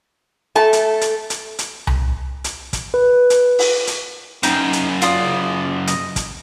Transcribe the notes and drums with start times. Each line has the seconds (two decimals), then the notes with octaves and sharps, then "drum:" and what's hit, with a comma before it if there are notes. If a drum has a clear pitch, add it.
0.55 A3 A5
0.73 drum: hi-hat
1.01 drum: hi-hat
1.30 drum: hi-hat
1.59 drum: hi-hat
1.87 drum: tom C2
2.44 drum: hi-hat
2.73 drum: kick, hi-hat
2.94 B4
3.30 drum: hi-hat
3.59 drum: open hi-hat
3.87 drum: hi-hat
4.43 F#2 C#3 D#4 G5, drum: hi-hat
4.73 drum: hi-hat
5.02 F4 D5 D#6, drum: hi-hat
5.88 D#5, drum: hi-hat
6.16 drum: kick, hi-hat